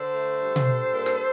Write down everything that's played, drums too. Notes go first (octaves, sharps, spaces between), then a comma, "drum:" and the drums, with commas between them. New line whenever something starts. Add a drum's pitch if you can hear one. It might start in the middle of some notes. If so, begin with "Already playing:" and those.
Already playing: D3 A4 C5
A3
G2
drum: tom B2
G2
A#2
drum: snare